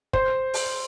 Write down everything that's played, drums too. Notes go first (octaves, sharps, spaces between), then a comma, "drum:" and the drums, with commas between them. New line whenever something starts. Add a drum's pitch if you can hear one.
C5, drum: kick
drum: open hi-hat